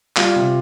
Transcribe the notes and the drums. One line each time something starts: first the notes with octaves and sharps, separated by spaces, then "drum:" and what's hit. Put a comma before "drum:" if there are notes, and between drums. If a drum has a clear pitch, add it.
G3 F4, drum: clap
C3